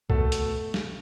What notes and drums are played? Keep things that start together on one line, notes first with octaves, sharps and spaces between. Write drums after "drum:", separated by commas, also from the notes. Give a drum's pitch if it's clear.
B2 A3 F#4 A4, drum: kick
drum: hi-hat
drum: snare